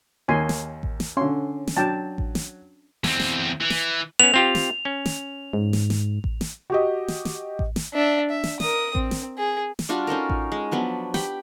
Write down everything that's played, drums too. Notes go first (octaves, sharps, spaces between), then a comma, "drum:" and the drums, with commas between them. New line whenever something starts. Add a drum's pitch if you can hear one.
D#2 D#3 C#5 G#5 C6
drum: snare
drum: kick A1
drum: snare
D3 C#4 C6
drum: snare
F#3 D4 G5 A5
drum: kick A1
drum: snare
E2 C4, drum: snare
drum: snare
E3
drum: snare
B3 C#4 F7
C4 F4 G4
drum: snare
C#4
drum: snare
G#2
drum: snare
drum: snare
drum: kick A1
drum: snare
F#4 G4 D#5
drum: snare
drum: snare
drum: kick A1
drum: snare
D4 E5
E5
drum: snare
A#4 D#6, drum: snare
C4, drum: kick A1
drum: snare
G#4
drum: snare
G3 D4 F4 F#4
C#4 D#4 A4 A#4
drum: kick A1
G#3
F3 F#3 B3 D4
G4 G5 B5, drum: snare